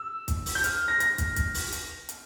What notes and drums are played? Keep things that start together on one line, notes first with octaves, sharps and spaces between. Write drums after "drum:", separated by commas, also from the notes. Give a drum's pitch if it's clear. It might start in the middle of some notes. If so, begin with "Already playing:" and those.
Already playing: E6
drum: kick, hi-hat
drum: open hi-hat
G6
F6, drum: hi-hat
A#6
A#6, drum: hi-hat
drum: kick, hi-hat
drum: kick, hi-hat
drum: open hi-hat
drum: hi-hat
drum: hi-hat